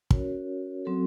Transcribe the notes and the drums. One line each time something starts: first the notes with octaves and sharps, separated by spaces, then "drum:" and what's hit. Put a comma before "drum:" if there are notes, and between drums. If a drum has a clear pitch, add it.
C#4 F#4 A#4 C#5, drum: kick
F#3 C4 F#4 A4